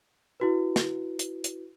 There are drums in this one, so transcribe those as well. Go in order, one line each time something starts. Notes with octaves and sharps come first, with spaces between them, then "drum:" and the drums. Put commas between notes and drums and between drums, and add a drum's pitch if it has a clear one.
E4 F#4 B4
drum: snare
drum: hi-hat
drum: hi-hat